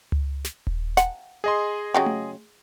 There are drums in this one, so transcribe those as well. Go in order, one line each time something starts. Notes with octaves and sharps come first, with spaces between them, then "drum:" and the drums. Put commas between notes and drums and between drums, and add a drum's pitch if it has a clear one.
drum: tom C#2
drum: snare
drum: kick D#1
F#5, drum: snare
G#4 D#5 C6
C#3 F#3 G4
drum: tom A3